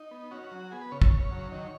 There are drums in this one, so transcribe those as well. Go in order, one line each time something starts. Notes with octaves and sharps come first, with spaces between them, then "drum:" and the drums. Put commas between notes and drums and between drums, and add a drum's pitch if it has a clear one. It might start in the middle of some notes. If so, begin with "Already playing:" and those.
Already playing: D#4
B3
C#4 F#4
F#3
B3 G#4
B4
C#3 C#5
C#5, drum: kick
C#3
F#3
D#3